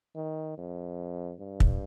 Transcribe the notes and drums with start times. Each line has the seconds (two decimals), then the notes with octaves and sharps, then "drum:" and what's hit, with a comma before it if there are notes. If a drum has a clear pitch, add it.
0.16 D#3
0.58 F2
1.40 G2
1.60 drum: kick